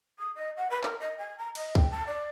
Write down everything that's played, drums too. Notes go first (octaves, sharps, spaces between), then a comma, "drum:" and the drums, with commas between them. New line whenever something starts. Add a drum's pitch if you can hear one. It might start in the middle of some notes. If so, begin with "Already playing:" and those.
D#6
D#5
F#5
B4
A#4, drum: clap
D#5
G#5
A#5
D#5, drum: cymbal
G5, drum: kick
A5
D5